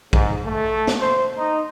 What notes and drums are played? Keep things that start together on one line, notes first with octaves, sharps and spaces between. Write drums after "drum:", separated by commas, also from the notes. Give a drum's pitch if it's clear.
G#2, drum: kick A#1
A3
drum: snare
C5
D#4